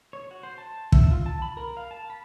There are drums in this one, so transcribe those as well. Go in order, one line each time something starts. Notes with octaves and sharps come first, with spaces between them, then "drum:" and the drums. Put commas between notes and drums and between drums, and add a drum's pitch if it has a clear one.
C#5
F#4
C5
A5
E5, drum: kick
F4
A5
B5
A#4
F5
A5
B5